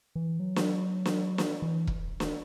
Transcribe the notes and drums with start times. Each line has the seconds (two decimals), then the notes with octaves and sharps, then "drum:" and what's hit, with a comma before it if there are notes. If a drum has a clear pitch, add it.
0.16 E3
0.40 F#3
0.56 drum: snare
1.05 drum: snare
1.38 drum: snare
1.62 E3
1.87 drum: kick E1
2.20 drum: snare